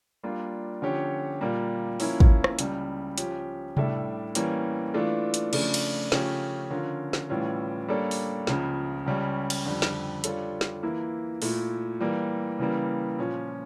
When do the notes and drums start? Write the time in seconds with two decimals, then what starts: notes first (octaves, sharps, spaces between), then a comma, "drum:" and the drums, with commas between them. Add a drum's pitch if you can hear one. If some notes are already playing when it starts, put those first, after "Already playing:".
0.23 G3 A#3 D4 F4
0.82 D3 F3 C#4 G4 C#5
1.41 A#2 G3 A#3
2.00 F3 A#3 C#4 E4, drum: open hi-hat
2.20 drum: kick
2.44 drum: rim click
2.59 C#2 C#3 G3, drum: hi-hat
3.18 F3 C#4 G4, drum: hi-hat
3.77 A2 G3 D4 A4 E5, drum: tom C3
4.35 E3 G3 A#3 C#4, drum: hi-hat
4.94 E3 A3 D4 F4
5.34 drum: hi-hat
5.53 C#3 F3 A3 D4, drum: cymbal
5.74 drum: cymbal
6.12 C#3 F3 A3 C#4 G4, drum: snare
6.70 D3 F3 C#4 F4 A#4
7.13 drum: snare
7.30 A2 E3 G3 C#4 F4
7.88 G3 A#3 D4 A4 C#5
8.11 drum: open hi-hat
8.47 C#2 C#3 F3, drum: snare
9.06 C#2 C#3 G3 C#4
9.50 drum: cymbal
9.65 F2 D3 G3
9.82 drum: snare
10.24 G3 D4 F4 A4 C#5, drum: hi-hat
10.61 drum: snare
10.83 E3 A#3 E4
11.42 A#2 A3 E4, drum: open hi-hat
12.00 E3 G3 A#3
12.59 C#3 E3 G3 A#3
13.18 A#2 F3 C#4